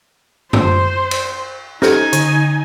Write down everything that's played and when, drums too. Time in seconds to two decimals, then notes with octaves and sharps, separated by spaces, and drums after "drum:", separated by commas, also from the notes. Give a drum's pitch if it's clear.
0.53 C5, drum: tom F#2
1.11 drum: cymbal
1.82 C#4 D#4 G4 A4 G#5, drum: snare
2.13 D3, drum: hi-hat